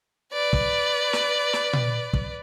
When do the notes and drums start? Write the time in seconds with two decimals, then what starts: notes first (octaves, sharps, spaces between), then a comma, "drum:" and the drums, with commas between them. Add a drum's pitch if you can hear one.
0.33 B4 D5
0.53 drum: kick
1.13 drum: snare
1.53 drum: snare
1.73 drum: tom A#2
2.13 drum: kick